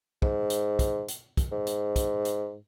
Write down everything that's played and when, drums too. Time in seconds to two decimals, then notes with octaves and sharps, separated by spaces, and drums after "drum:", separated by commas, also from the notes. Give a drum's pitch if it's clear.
0.22 G#2, drum: kick
0.50 drum: hi-hat
0.79 drum: kick, hi-hat
1.08 drum: hi-hat
1.37 drum: kick, hi-hat
1.52 G#2
1.67 drum: hi-hat
1.96 drum: kick, hi-hat
2.25 drum: hi-hat